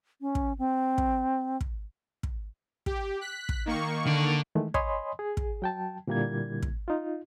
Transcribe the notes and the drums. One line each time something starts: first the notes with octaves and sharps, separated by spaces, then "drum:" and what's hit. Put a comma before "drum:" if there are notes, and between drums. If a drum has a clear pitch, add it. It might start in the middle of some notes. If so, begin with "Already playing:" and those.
C#4
drum: kick
C4
drum: kick
drum: kick
drum: kick
G4, drum: kick
F#6 B6
drum: kick
D#3 A#3 C#6
D3
D#3 E3 G#3 A3
C#5 D#5 G#5 B5 C6 D#6, drum: kick
G#4
drum: kick
F#3 G5 A5
A#2 D3 G3 A#3 E4 G#6
drum: kick
D#4 F4